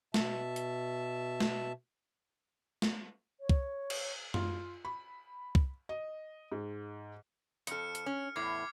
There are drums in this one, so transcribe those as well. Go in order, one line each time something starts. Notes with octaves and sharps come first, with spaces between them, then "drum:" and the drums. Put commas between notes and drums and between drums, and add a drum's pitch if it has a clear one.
B2 E5 A5, drum: snare
drum: hi-hat
drum: snare
drum: snare
C#5
drum: kick C2
drum: cymbal
F4, drum: tom F#2
B5
drum: kick C2
D#5
G#2
F2 A4 F6 C#7, drum: hi-hat
drum: hi-hat
C#4
E2 A2 D6 G#6 C7